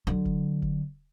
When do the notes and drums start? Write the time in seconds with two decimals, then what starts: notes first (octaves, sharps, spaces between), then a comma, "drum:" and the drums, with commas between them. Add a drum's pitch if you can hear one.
0.07 D3 F#3
0.25 drum: kick
0.62 drum: kick